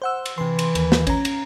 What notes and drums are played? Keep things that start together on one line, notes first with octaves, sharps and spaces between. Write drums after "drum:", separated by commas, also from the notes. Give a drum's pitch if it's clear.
C5 F#5 E6
drum: cymbal
C3 E3 C6
drum: cymbal
D#2, drum: cymbal
drum: snare
C#4 A#5, drum: kick A1, cymbal
drum: cymbal